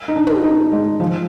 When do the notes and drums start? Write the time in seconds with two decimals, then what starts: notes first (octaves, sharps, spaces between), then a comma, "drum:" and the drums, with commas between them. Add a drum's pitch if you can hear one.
0.08 D#4
0.16 D4
0.27 drum: tom
0.44 D#4
0.72 G#3
1.00 F3